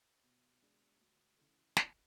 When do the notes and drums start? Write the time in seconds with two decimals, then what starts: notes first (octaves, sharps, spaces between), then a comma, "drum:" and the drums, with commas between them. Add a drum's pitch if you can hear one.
0.23 B2
0.62 G#3 D4
1.00 D2
1.38 C#3 E3 A3
1.77 F#2, drum: snare